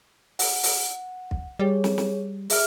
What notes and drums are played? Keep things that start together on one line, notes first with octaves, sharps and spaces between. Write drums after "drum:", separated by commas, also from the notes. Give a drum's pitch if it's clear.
F#5, drum: open hi-hat
drum: open hi-hat
drum: kick
G3 G#4 C#5
drum: snare
drum: snare
G#4 E5 F6, drum: open hi-hat